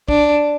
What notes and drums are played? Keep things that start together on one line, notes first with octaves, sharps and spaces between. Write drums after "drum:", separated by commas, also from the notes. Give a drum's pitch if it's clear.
D4, drum: kick